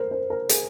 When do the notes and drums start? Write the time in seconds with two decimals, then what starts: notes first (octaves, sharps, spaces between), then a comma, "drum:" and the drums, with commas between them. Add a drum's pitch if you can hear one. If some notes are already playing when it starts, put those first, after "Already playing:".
Already playing: A#4 C5
0.11 C5
0.30 A#4
0.49 G#4, drum: hi-hat